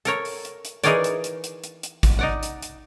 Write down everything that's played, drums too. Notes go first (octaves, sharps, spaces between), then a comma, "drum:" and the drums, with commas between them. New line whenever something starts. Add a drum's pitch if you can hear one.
A4 A#4 C#5, drum: hi-hat
drum: open hi-hat
drum: hi-hat
drum: hi-hat
E3 D#4 G#4 A#4 C#5 D5, drum: hi-hat
drum: hi-hat
drum: hi-hat
drum: hi-hat
drum: hi-hat
drum: hi-hat
drum: kick, hi-hat
D#4 D5 F#5
drum: hi-hat
drum: hi-hat